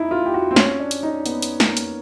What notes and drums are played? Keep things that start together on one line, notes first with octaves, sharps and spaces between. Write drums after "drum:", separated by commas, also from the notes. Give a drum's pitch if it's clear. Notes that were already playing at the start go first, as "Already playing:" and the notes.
Already playing: D#4 E4
F4
G4
F#4
C4
C#4, drum: snare
D4
drum: hi-hat
D#4
B3, drum: hi-hat
drum: hi-hat
A#3, drum: snare
drum: hi-hat